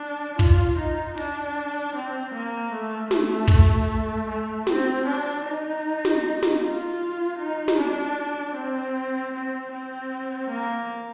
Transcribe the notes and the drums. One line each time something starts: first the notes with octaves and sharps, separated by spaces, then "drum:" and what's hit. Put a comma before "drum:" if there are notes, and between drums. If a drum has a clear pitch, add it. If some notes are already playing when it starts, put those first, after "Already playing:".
Already playing: D4
F4, drum: kick
D#4
D4, drum: open hi-hat
C4
A#3
A3
A3, drum: snare
drum: kick
drum: hi-hat
A3
C4, drum: snare
D4
D#4
drum: snare
drum: snare
F4
D#4
drum: snare
D4
C4
C4
C4
A#3